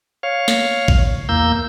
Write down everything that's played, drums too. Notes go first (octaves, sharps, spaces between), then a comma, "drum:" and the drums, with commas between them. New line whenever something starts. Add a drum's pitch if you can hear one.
C#5 F5
drum: snare
drum: kick A#1
E2 A#3 E6 G6